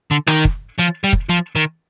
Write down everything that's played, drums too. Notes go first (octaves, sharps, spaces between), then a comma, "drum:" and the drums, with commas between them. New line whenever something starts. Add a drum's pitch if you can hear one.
D3
D#3, drum: rim click
drum: kick
F3
G3
drum: kick
F3
D#3